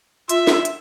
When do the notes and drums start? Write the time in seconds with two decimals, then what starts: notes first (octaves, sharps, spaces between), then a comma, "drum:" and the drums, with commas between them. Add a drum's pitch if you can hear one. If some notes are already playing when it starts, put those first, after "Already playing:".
0.29 F4 E5, drum: hi-hat
0.47 drum: snare
0.65 drum: hi-hat